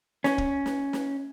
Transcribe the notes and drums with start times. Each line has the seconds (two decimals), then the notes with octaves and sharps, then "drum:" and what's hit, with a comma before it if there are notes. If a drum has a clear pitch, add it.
0.24 C#4, drum: snare
0.38 drum: kick
0.66 drum: snare
0.93 drum: snare